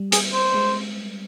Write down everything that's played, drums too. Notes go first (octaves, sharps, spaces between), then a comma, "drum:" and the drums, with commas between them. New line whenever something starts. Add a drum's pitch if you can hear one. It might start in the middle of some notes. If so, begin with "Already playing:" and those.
Already playing: G3
G#4, drum: hi-hat
C5
G#3